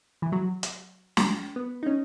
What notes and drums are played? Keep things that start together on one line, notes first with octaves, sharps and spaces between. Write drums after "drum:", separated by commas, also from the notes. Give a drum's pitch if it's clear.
E3
F#3
drum: hi-hat
drum: snare
B3
D#4
C#4